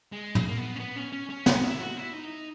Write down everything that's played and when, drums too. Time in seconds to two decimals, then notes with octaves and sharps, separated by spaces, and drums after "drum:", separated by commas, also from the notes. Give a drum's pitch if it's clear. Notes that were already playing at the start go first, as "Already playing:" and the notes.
0.12 G#3
0.35 A#3, drum: tom
0.48 A#3
0.57 B3
0.75 C#4
0.79 B3
0.96 C#4
1.12 C#4
1.30 C#4
1.46 D#4, drum: snare
1.63 E4
1.80 F#4
1.97 E4
2.13 D#4